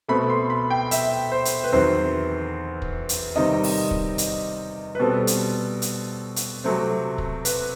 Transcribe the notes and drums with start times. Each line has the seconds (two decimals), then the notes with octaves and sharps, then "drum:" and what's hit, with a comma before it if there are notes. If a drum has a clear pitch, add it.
0.08 B2 A3 C4 B5
0.30 C6
0.50 B5
0.70 G5
0.91 E5, drum: hi-hat
1.32 C5
1.45 drum: hi-hat
1.64 B4
1.72 E2 D#3 F#3 C4 C5
2.82 drum: kick
3.09 drum: hi-hat
3.36 C3 D#3 G3 C4 D#5
3.64 drum: open hi-hat
3.91 drum: kick
4.18 drum: hi-hat
4.95 B4
4.99 B2 G3 C4 A4
5.27 drum: hi-hat
5.82 drum: hi-hat
6.36 drum: hi-hat
6.64 C3 F#3 A3 C4
7.18 drum: kick
7.45 B4, drum: hi-hat